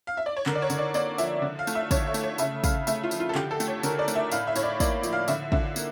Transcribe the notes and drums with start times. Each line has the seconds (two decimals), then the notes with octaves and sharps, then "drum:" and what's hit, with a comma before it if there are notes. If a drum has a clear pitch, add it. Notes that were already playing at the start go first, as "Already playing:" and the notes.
0.07 F5
0.17 E5
0.26 D5
0.37 C#5
0.46 D3 A#4, drum: clap
0.55 D5
0.62 C#5
0.70 D3, drum: tambourine
0.79 D5
0.94 A#3 D5, drum: tambourine
1.18 F3 E5, drum: tambourine
1.42 D3
1.59 F5
1.67 A3, drum: tambourine
1.75 E5
1.91 D3 C#5, drum: kick, tambourine
2.07 E5
2.14 A3, drum: tambourine
2.23 C#5
2.38 C#3 E5, drum: tambourine
2.64 C#3 F5, drum: kick, tambourine
2.87 A3 E5, drum: tambourine
3.03 F4
3.11 F3, drum: tambourine
3.20 F4
3.29 A4
3.35 D3 G4, drum: clap
3.51 A4
3.60 A3, drum: tambourine
3.68 C#5
3.83 D3 A#4, drum: tambourine
3.99 D5
4.08 A3, drum: tambourine
4.15 E5
4.31 A2 F5, drum: tambourine
4.47 E5
4.55 A2 C#5, drum: tambourine
4.63 D5
4.80 A#3 D5, drum: kick, tambourine
5.03 F3, drum: tambourine
5.13 F5
5.28 D3 E5, drum: tambourine
5.52 D3 E5, drum: kick
5.76 A#3, drum: tambourine